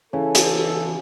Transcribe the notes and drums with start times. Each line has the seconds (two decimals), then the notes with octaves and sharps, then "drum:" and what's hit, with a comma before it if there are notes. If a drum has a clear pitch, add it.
0.13 C#3 E3 A4
0.35 drum: hi-hat